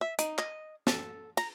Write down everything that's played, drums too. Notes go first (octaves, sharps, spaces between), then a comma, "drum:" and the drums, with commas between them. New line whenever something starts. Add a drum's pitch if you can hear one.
E5
D#4, drum: hi-hat
D#5, drum: clap
A4, drum: snare
A#5, drum: cymbal